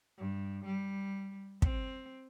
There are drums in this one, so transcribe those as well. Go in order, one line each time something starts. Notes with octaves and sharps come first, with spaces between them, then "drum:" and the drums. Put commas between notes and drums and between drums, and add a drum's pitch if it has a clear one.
G2
G3
C4, drum: kick